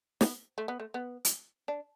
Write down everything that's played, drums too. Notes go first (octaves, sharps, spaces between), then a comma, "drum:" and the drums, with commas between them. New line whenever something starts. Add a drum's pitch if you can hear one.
B3, drum: snare
A3
B3
A3
B3
drum: hi-hat
D4